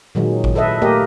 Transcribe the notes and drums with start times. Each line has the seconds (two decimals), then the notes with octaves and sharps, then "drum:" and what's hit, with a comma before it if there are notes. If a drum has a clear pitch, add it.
0.15 A#2 D#3 F#3 G#3
0.44 drum: kick A1
0.55 E4 A4 B4 D#5 E5
0.82 A3 A#3 G4 A#4 D#5